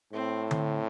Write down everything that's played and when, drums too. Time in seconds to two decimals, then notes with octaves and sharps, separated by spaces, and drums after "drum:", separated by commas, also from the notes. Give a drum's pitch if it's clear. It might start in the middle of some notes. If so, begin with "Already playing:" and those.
0.13 A2 C4
0.51 C4, drum: tom D3